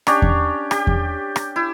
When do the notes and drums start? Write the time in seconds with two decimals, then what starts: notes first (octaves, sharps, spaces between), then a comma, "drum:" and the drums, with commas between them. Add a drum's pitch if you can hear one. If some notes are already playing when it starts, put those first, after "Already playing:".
0.07 C#4 D4 G4, drum: rim click
0.22 drum: kick E2
0.71 G4, drum: rim click
0.87 drum: kick E2
1.36 drum: rim click
1.56 E4